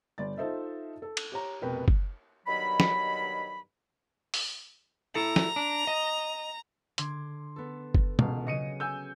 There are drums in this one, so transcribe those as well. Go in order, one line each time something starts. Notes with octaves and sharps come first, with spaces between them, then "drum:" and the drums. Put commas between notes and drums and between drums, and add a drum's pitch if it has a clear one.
G1 D5 A6
D#4 F4 A4 C5 D#5 E5
A4
drum: cymbal
G4 C#5 A#5
F1 B2 A#4 B4 G5
drum: kick F#1
G2 B2 D#3 F#3 B5
drum: snare
drum: open hi-hat
E4 A4 A#5
drum: snare
D4
D#5
D3 C6 D6 G#6, drum: hi-hat
B3 A4
drum: kick F#1
E1 C#2 B2 F5, drum: tom B2
C#3 F#3 D#5 C#7 D#7
G#5 E6 G6